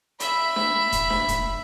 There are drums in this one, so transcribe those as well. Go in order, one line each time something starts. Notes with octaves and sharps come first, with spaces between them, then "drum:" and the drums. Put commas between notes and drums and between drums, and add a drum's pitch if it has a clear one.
E5 B5, drum: hi-hat
drum: snare D4
drum: kick E1, hi-hat
drum: snare D4
drum: kick E1, hi-hat